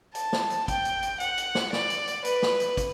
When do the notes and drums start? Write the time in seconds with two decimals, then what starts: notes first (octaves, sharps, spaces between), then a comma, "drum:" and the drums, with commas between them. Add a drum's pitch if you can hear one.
0.15 A5, drum: hi-hat
0.33 drum: snare
0.50 drum: hi-hat
0.68 G5, drum: kick, hi-hat
0.85 drum: hi-hat
1.03 drum: hi-hat
1.20 F#5, drum: hi-hat
1.37 drum: hi-hat
1.55 drum: snare
1.73 D5, drum: snare
1.90 drum: hi-hat
2.07 drum: hi-hat
2.25 B4, drum: hi-hat
2.42 drum: snare
2.60 drum: hi-hat
2.77 drum: kick, hi-hat